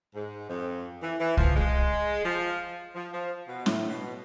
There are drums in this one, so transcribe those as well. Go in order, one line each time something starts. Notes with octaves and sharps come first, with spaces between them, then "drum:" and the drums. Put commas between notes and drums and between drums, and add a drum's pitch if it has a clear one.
G#2
F2
E3
E3
F3, drum: kick C2
G#3
F3
F3
F3
B2
A2, drum: snare
B2